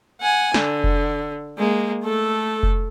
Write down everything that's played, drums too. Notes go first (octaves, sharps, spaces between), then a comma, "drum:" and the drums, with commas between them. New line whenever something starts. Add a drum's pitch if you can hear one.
F#5 G#5
D3, drum: snare
drum: kick F1
G#3 A#3
A3 A4
drum: kick F1